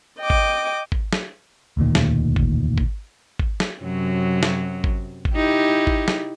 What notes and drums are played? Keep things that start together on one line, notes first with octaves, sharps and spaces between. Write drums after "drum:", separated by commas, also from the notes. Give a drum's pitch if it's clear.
D#5 G5 D6
drum: kick G#1
drum: kick G#1
drum: snare
E1 D2 A#2 D#3
drum: snare
drum: kick G#1
drum: kick G#1
drum: kick G#1
drum: snare
F#2 C3 F#3
drum: snare
drum: kick G#1
drum: kick G#1
D#4 E4 G4
drum: kick G#1
drum: snare